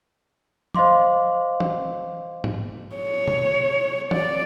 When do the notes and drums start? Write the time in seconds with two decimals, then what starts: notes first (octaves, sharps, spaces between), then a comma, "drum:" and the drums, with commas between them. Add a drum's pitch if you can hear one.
0.74 C5 D#5 F5 C6 D6, drum: tom F3
1.60 drum: tom E3
2.44 drum: tom G#2
2.96 C#5
3.28 drum: tom
4.11 D5, drum: tom E3